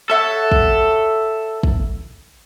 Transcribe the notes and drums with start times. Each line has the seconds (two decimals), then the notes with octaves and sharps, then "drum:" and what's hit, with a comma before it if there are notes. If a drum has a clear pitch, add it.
0.10 A4 C#5 E5 F#5
0.52 drum: kick
1.63 drum: kick